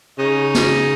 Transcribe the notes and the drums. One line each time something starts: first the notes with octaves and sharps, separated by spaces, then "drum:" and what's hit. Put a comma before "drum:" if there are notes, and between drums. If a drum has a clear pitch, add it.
C#3 D#4 D#5
drum: snare